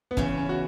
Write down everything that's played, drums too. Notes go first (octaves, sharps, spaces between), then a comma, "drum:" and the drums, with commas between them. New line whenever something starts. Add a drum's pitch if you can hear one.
B3
E2 C#3 E3 C#4, drum: kick
C#4
F#4